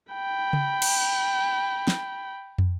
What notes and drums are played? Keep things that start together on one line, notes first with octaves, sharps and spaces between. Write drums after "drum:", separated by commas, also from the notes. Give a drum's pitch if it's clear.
G5 B5
drum: tom C#3
drum: cymbal
drum: snare
drum: tom